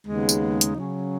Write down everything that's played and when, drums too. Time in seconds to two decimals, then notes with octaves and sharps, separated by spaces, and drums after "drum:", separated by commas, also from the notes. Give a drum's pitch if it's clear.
0.05 D#2 C#3 G#3 B3 D#4
0.29 drum: tambourine
0.61 drum: hi-hat
0.75 C#3 F#3 C#4